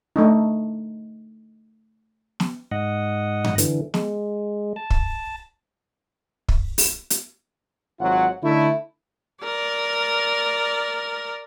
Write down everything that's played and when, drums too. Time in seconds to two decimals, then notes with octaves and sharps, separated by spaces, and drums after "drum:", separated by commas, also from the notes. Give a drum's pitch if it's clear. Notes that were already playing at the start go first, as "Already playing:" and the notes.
0.16 A3 D4 D#4
2.40 drum: snare
2.71 G#2 D#5 F#5
3.44 drum: tom G2
3.58 D3 E3, drum: hi-hat
3.94 G#3, drum: snare
4.76 A5
4.90 drum: kick
6.48 drum: kick
6.78 drum: open hi-hat
7.10 drum: hi-hat
8.00 G#1 F#3 F4 F#5
8.43 D3 A3 D#4 E4
9.43 A#4 D5